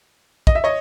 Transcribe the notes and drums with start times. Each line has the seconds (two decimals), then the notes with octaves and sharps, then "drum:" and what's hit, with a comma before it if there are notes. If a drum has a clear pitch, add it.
0.47 D#5, drum: kick
0.55 E5
0.64 C#5 D#5